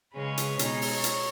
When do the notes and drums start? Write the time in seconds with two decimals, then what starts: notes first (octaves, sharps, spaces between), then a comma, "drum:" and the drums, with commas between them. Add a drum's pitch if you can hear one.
0.15 C#3 G#3 C#4 B4
0.38 drum: hi-hat
0.59 B2 G#3 D#4 C#5, drum: hi-hat
0.82 drum: open hi-hat
1.04 drum: hi-hat